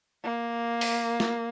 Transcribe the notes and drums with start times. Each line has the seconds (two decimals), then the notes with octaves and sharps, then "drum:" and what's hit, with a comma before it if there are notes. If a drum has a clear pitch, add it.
0.23 A#3
0.81 drum: open hi-hat
1.20 drum: snare